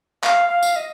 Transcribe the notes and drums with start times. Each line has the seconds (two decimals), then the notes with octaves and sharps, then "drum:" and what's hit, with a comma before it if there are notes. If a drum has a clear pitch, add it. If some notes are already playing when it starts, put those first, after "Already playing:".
0.23 F5, drum: clap
0.49 F5
0.63 drum: tambourine
0.76 D#5